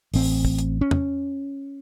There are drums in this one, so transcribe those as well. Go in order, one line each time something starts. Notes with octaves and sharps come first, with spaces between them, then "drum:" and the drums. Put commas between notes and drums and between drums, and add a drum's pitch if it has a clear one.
A1 C4, drum: open hi-hat
drum: kick
drum: hi-hat
C#4
drum: tom